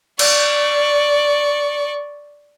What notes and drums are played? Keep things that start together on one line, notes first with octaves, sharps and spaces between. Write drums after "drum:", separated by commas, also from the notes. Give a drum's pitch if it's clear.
D5 C#6, drum: cymbal